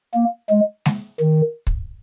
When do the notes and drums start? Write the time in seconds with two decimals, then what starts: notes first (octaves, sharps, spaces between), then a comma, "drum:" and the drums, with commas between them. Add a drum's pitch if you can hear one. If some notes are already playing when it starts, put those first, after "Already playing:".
0.14 A#3
0.49 G#3
0.86 drum: snare G#3
1.20 D#3
1.67 drum: kick